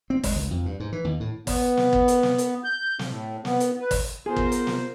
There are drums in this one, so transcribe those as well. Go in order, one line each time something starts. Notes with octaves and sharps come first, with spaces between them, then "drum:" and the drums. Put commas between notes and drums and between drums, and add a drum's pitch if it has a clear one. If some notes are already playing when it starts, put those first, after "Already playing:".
C4
G#3, drum: kick, open hi-hat
C#2
F2
G2
G#2
E3
D#2
A2
B3, drum: kick, open hi-hat
drum: snare
drum: kick
drum: hi-hat
drum: snare
drum: hi-hat
G6
drum: snare
A2
B3, drum: snare
drum: hi-hat
B4
drum: kick, open hi-hat
B3 F4 G#4 A#4 C5
drum: kick
drum: hi-hat
drum: snare